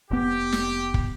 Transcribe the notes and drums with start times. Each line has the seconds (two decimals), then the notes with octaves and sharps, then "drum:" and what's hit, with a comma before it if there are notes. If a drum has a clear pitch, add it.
0.11 F1 B3 G4
0.52 drum: snare
0.94 drum: kick